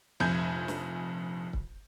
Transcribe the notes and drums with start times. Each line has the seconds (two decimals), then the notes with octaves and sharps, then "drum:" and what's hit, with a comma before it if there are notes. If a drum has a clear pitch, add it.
0.20 F1 A#1 F2 G#5 G6 G#6
0.68 drum: snare
1.53 drum: kick